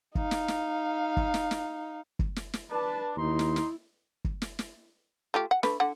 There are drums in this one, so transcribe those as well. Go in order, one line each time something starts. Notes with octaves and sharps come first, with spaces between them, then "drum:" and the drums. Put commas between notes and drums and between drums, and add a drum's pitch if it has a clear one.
D#4 F5, drum: kick
drum: snare
drum: snare
drum: kick
drum: snare
drum: snare
drum: kick
drum: snare
drum: snare
D4 B4 A5
D#2 D#4 E4 A#5 C6
drum: snare
drum: snare
drum: kick
drum: snare
drum: snare
A3 F4 G4
F#5
D3 A3 B4, drum: snare
D3 F#5